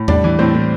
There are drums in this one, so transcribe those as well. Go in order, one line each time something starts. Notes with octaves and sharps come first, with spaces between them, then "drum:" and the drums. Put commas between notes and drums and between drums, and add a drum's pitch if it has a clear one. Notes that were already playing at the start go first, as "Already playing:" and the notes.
Already playing: A2
G3 D4 D5, drum: tom E2
E3
A2 C4 C5
A2